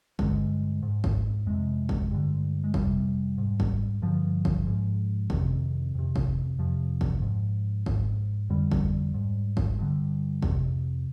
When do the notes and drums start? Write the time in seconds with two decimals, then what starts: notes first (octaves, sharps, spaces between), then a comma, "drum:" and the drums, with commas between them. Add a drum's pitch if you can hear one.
0.19 G2 D3 G#3, drum: kick G1
0.83 G#2
1.04 drum: kick G1
1.46 F2 C3 G#3
1.89 drum: kick G1
2.11 G2 D3
2.64 G#3
2.74 F2 C3 G3, drum: kick G1
3.38 G#2
3.60 drum: kick G1
4.02 G2 D3 F3
4.45 drum: kick G1
4.66 G#2
5.30 F2 C3 D#3, drum: kick G1
5.95 F2 C3
6.16 drum: kick G1
6.59 F2 C3 F3
7.01 drum: kick G1
7.22 G#2
7.86 G#2, drum: kick G1
8.50 F2 D3 G3
8.72 drum: kick G1
9.14 G#2
9.57 drum: kick G1
9.78 G2 D3
10.43 F2 C3, drum: kick G1